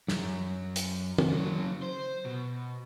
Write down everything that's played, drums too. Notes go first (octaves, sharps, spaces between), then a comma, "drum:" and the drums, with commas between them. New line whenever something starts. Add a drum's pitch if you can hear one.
F#2, drum: snare
drum: hi-hat
drum: tom
C#3 F#3
C5
B2